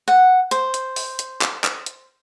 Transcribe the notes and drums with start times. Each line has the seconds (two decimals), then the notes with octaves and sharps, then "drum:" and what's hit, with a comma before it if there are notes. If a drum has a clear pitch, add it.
0.08 F#5
0.51 C5, drum: hi-hat
0.74 drum: hi-hat
0.96 drum: open hi-hat
1.19 drum: hi-hat
1.41 drum: clap
1.64 drum: clap
1.86 drum: hi-hat